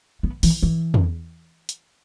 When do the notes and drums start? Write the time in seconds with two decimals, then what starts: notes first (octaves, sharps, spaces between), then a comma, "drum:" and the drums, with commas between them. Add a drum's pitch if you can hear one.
0.23 B3
0.43 E3, drum: open hi-hat
0.62 E3
0.94 drum: tom
1.69 drum: hi-hat